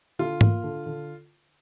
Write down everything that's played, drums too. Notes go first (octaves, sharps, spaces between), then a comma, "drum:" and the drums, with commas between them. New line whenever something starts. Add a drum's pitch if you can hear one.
D3 F4
A#3, drum: tom G#2
D3
D3